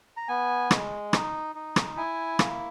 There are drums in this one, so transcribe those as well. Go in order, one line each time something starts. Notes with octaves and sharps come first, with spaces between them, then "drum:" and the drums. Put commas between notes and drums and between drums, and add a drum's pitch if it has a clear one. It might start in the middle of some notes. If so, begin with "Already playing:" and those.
A#5
B3 G#5
G#3, drum: rim click
D#4, drum: rim click
D#4
drum: rim click
E4 G#5
A#3, drum: rim click